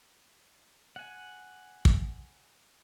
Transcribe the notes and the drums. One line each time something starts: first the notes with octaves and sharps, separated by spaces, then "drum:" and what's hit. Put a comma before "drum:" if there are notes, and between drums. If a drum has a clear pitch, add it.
F#5 G#5
drum: kick